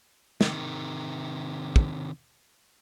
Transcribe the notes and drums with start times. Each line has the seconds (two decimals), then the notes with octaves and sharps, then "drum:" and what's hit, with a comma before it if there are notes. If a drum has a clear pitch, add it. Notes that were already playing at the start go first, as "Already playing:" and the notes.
0.41 C3 D#3, drum: snare
1.76 drum: kick